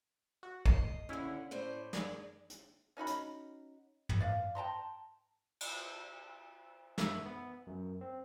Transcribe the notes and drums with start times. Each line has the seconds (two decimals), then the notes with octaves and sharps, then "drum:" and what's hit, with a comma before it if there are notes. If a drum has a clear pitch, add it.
0.43 F#4
0.66 D#5 C7, drum: kick
1.09 D#2 D3 C#4 E4
1.51 A2 C5 D5
1.93 G#4 D5, drum: snare
2.50 drum: hi-hat
2.97 C#4 D#4 F#4 B5
3.06 drum: hi-hat
4.09 drum: tom
4.21 D5 F5
4.55 G5 A5 A#5 C6
5.60 drum: cymbal
6.98 E5, drum: snare
7.26 B3
7.67 F#2
8.01 C4